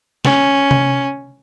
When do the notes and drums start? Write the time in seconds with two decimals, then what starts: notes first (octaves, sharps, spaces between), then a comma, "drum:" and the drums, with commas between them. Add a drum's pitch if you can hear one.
0.25 C#4, drum: snare
0.71 drum: tom C3